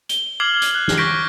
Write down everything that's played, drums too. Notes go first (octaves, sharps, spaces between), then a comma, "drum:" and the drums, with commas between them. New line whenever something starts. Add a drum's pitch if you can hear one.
G7, drum: hi-hat
D6 F6 G#6 C7 F#7
drum: hi-hat
F#6
drum: snare
C#6 G6 A#6 B6 D7